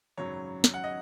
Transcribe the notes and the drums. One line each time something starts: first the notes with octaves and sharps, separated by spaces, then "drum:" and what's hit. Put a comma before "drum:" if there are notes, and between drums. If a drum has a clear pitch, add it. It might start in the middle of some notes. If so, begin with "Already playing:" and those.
G#1 F#2 C#3 F#3 C#5
drum: snare
F#5
D#5